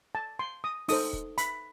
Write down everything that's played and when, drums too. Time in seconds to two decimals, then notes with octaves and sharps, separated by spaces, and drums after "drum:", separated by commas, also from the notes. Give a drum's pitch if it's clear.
0.15 A5
0.39 C6
0.64 D#6
0.88 D#4 A4 C5 D#6, drum: open hi-hat
1.13 drum: kick
1.38 B5, drum: hi-hat